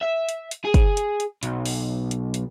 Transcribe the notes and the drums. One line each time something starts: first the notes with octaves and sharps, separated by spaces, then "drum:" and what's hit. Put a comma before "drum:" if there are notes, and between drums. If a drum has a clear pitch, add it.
E5
drum: hi-hat
drum: hi-hat
G#4
drum: kick, hi-hat
drum: hi-hat
drum: hi-hat
B1, drum: hi-hat
drum: open hi-hat
drum: hi-hat
drum: hi-hat